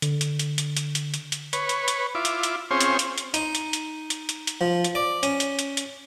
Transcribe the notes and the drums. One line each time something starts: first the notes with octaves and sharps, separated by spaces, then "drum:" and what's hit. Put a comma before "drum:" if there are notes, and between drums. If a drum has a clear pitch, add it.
D3, drum: hi-hat
drum: hi-hat
drum: hi-hat
drum: hi-hat
drum: hi-hat
drum: hi-hat
drum: hi-hat
drum: hi-hat
B4 C#5, drum: hi-hat
drum: hi-hat
drum: hi-hat
E4 F4 D6
drum: hi-hat
drum: hi-hat
C4 C#4 F4 G#4 C5 C#5
drum: hi-hat
drum: hi-hat
drum: hi-hat
D#4, drum: hi-hat
drum: hi-hat
drum: hi-hat
drum: hi-hat
drum: hi-hat
drum: hi-hat
F3
drum: hi-hat
D5
C#4, drum: hi-hat
drum: hi-hat
drum: hi-hat
drum: hi-hat